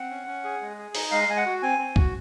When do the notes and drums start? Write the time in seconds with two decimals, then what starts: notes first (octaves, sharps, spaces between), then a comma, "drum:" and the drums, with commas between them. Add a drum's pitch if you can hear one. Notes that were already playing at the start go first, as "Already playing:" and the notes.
Already playing: C4 F#5
0.10 C#4
0.27 C#4
0.44 G#4
0.61 G#3
0.79 G#4
0.95 D#4, drum: open hi-hat
1.11 G#3 F5
1.28 G#3 G#5
1.37 F#5
1.46 F#4
1.62 C4 G#5
1.79 C4
1.96 F#4, drum: kick